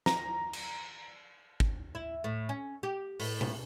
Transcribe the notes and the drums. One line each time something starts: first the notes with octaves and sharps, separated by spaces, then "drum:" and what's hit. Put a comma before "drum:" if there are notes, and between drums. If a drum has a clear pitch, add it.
A#5, drum: snare
drum: cymbal
drum: kick G#1
E4
A2
C#4
G4
A2, drum: open hi-hat
drum: tom B2